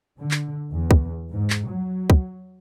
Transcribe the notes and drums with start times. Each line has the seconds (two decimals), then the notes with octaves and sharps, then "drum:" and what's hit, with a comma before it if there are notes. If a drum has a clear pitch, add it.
0.19 D3
0.31 drum: clap
0.72 E2
0.91 drum: kick
1.30 G#2
1.50 drum: clap
1.67 F#3
2.10 drum: kick